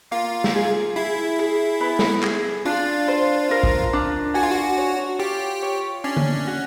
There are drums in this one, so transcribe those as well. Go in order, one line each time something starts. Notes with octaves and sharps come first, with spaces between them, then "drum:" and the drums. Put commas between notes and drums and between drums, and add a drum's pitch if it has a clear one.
A#3 F4
drum: snare
G#4
E4 G#4
G#4
B3
drum: snare
G#4, drum: clap
D4 F4
C5
A#4
drum: kick
D4
F#4 G#5
F4
F#4
C#5
F4 G4
C#5
C#4 D4
drum: tom
F#4